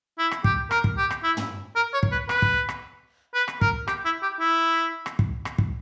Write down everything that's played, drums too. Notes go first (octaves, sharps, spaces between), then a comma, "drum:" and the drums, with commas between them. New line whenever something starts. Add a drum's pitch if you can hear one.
E4
drum: rim click
G4, drum: kick
A#4, drum: rim click
drum: kick
G4
drum: rim click
E4
drum: tom
A#4
C#5
drum: kick
B4
B4, drum: rim click
drum: kick
drum: rim click
B4
drum: rim click
A#4, drum: kick
G4, drum: rim click
E4
G4
E4
drum: rim click
drum: kick
drum: rim click
drum: kick